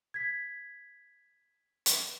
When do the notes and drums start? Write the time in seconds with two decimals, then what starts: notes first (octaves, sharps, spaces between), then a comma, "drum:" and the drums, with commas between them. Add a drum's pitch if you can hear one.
0.14 G#6 B6
1.86 drum: hi-hat